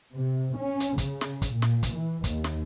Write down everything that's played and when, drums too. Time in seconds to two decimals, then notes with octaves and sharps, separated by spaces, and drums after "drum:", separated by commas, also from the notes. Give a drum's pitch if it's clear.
0.15 C3
0.56 C#4
0.80 drum: hi-hat
0.98 C#3, drum: kick, hi-hat
1.21 drum: snare
1.42 drum: kick, hi-hat
1.52 A#2
1.62 drum: snare
1.83 drum: kick, hi-hat
1.94 E3
2.24 D#2, drum: kick, hi-hat
2.44 drum: snare